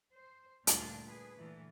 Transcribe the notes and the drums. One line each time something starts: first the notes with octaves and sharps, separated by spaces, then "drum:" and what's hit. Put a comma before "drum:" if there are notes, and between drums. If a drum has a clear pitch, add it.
C5
D2 G2 A#2 D3 D4 F4, drum: hi-hat
G#4 B4
A#2 D3 E3 A3